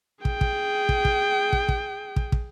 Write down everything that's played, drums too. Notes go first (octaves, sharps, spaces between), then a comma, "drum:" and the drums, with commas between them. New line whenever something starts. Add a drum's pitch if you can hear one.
G#4 G5, drum: kick
drum: kick
drum: kick
drum: kick
drum: kick
drum: kick
drum: kick
drum: kick